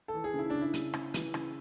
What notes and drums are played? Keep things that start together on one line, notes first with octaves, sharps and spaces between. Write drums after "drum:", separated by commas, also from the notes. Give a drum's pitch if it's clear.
A4
E3
G#4
C#3 E4
C#3 D4
E4
C#3, drum: hi-hat
C#3, drum: rim click
E3, drum: hi-hat
C#3, drum: rim click